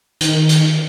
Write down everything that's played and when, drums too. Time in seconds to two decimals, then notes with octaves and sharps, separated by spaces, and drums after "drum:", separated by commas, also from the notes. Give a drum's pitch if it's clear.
0.21 D#3, drum: hi-hat
0.49 drum: hi-hat